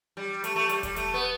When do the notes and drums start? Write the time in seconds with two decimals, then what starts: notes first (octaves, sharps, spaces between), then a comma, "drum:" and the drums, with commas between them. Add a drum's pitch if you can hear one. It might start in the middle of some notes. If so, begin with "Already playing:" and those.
0.17 G3
0.44 A3, drum: hi-hat
0.56 A3
0.69 G3, drum: hi-hat
0.83 G3, drum: kick E1, hi-hat
0.96 A3, drum: hi-hat
1.14 B3